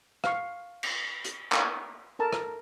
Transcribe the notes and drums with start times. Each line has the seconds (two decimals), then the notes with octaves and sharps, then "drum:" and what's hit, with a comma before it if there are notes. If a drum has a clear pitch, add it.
0.24 F5 C#6, drum: rim click
0.83 drum: cymbal
1.25 drum: hi-hat
1.52 drum: clap
2.19 A4 A#4 A5
2.33 drum: rim click